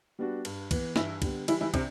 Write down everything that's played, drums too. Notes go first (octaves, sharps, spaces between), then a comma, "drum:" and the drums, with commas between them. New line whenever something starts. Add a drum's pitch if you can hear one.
G3 B3 D4 F#4
G2, drum: cymbal
E3 B3, drum: kick, cymbal
G2 E3 E4, drum: snare
D3 G3 B3, drum: kick, cymbal
E3 G3 E4, drum: cymbal
E3 E4
C3 C4 D4, drum: kick, cymbal